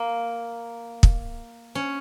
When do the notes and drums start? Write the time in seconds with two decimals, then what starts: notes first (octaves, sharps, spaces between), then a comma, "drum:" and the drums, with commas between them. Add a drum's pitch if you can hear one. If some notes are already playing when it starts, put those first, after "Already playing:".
Already playing: A#3
1.03 drum: kick
1.75 C#4